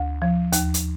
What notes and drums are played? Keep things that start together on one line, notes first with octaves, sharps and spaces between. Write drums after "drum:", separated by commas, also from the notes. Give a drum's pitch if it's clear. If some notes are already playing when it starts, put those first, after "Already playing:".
Already playing: D2
F3
D#2, drum: hi-hat
drum: hi-hat